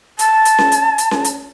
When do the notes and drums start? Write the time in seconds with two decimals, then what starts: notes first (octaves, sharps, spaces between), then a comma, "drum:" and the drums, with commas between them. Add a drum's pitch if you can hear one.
0.19 A5, drum: hi-hat
0.45 drum: hi-hat
0.58 drum: snare C#4
0.72 drum: hi-hat
0.98 drum: hi-hat
1.11 drum: snare C#4
1.24 drum: hi-hat